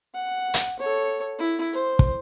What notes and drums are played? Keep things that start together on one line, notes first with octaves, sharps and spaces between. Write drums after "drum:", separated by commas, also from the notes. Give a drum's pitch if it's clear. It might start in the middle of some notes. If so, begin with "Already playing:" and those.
F#5
drum: hi-hat
A4 C#5
E4
C5
drum: kick